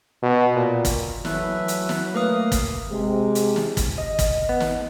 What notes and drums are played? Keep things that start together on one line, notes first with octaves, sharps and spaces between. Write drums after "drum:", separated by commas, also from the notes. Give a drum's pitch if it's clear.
B2
A#2
drum: kick, hi-hat
E3 F#3 A3 B4 E5, drum: snare
drum: hi-hat
drum: snare
A3 A#3 B4 F5 D#6
drum: kick, hi-hat
C3 G#3
drum: hi-hat
drum: snare
drum: kick, hi-hat
D#5
drum: kick, hi-hat
B3
drum: snare